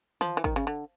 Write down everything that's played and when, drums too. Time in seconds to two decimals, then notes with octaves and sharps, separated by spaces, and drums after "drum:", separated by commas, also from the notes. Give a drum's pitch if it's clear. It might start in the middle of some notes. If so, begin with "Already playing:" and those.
0.21 F3, drum: tom D#3
0.37 E3
0.44 D#3, drum: kick
0.56 C#3
0.67 D3